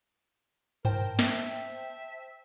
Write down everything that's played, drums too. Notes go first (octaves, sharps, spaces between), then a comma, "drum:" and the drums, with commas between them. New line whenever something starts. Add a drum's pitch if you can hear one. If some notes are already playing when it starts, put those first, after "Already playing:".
A#4 C5 G5 A5, drum: tom G2
E5, drum: snare